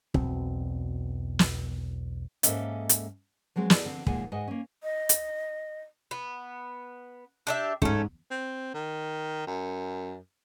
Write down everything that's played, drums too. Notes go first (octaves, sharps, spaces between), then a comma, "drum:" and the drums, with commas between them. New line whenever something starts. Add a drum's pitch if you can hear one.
B1 E2 B2 C4, drum: kick
drum: snare
G#2 A#3 C#4 A4 D#5 E5, drum: hi-hat
drum: hi-hat
F3 F#3 G#3 C4
E4 G#4 A4 D5 D#5, drum: snare
D3 C4
D#2 A#2 G#3 F#5 G#5, drum: kick
G#2 D#5 F#5 G#5
A#3 C#4
D#5
drum: hi-hat
B3
D4 G4 E5
G#2 A3 C#4, drum: kick
C4
D#3
F#2